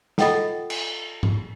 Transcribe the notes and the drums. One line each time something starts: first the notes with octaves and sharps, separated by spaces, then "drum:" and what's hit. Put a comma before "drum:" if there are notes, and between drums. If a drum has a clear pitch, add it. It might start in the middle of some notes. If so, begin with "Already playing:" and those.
F4 A4 D#5 F#5 G5 A5, drum: snare
drum: cymbal
drum: tom G#2